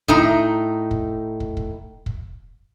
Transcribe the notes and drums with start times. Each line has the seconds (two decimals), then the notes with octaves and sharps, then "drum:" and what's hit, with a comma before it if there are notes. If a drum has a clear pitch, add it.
0.08 A2 D#4 A#5, drum: kick
0.91 drum: kick
1.40 drum: kick
1.57 drum: kick
2.06 drum: kick